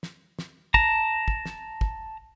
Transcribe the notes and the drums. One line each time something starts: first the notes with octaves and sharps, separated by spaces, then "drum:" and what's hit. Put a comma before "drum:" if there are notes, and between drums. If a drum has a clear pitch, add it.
drum: snare
drum: snare
A5 A#5, drum: kick
drum: kick
drum: snare
drum: kick